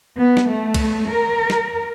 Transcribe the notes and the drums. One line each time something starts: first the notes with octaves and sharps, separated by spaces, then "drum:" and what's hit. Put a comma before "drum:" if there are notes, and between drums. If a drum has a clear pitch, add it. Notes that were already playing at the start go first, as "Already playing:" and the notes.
B3
drum: snare
A3
drum: kick, cymbal
A#4
drum: snare